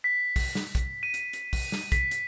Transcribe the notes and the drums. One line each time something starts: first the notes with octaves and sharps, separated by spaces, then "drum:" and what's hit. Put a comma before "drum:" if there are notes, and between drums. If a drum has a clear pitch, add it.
B6
drum: kick, open hi-hat
drum: snare
drum: kick, hi-hat
D#7
drum: hi-hat
drum: hi-hat
drum: kick, open hi-hat
drum: snare
B6, drum: kick, hi-hat
drum: hi-hat